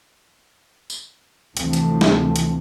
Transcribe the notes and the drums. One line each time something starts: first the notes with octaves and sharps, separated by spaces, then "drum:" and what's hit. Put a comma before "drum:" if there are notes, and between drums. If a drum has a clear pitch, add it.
drum: tambourine
D2 C3 E3 F3 A3 C4, drum: hi-hat
drum: hi-hat
drum: snare
drum: hi-hat